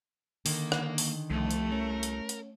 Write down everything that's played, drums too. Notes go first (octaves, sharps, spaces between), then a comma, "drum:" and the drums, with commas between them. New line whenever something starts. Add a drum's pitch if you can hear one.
D3 D#3 A#3, drum: open hi-hat
drum: rim click
drum: open hi-hat
C2 F2 A3
drum: hi-hat
C#4 A#4
drum: hi-hat
drum: hi-hat